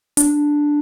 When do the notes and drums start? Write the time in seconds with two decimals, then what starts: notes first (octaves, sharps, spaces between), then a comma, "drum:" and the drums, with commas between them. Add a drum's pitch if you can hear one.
0.17 D4, drum: hi-hat